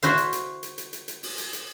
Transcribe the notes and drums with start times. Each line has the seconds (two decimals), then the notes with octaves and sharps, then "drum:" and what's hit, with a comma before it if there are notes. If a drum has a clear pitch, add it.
0.02 E4 F#4 C5 F5, drum: hi-hat
0.18 drum: hi-hat
0.33 drum: hi-hat
0.63 drum: hi-hat
0.78 drum: hi-hat
0.93 drum: hi-hat
1.08 drum: hi-hat
1.23 drum: open hi-hat
1.38 drum: hi-hat
1.53 drum: hi-hat